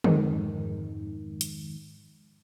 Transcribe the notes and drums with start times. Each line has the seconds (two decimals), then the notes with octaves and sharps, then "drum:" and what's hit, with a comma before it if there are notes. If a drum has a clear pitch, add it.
0.04 F2 G#2 D#3, drum: tom D3
1.41 drum: hi-hat